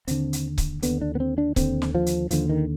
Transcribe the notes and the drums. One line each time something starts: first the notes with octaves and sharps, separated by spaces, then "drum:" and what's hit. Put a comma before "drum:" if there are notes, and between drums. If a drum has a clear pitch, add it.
D#2 D3 C4, drum: hi-hat
drum: hi-hat
drum: kick C#1, hi-hat
D#2 D3 B3, drum: hi-hat
D4
B3
C4
D4
D#2 D3 C4, drum: kick C#1, hi-hat
drum: snare
F3
drum: hi-hat
D#2 D3 F3, drum: hi-hat
D#3